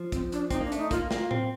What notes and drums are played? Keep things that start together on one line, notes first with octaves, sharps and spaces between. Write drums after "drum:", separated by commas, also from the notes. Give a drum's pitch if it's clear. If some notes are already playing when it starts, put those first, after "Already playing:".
Already playing: F3
C4, drum: kick, hi-hat
D4, drum: hi-hat
C4 D#4, drum: kick, hi-hat
A#3 D4
A3, drum: hi-hat
D#4
A#3 F4, drum: kick, hi-hat
A#3 F4, drum: snare
C4, drum: tom A2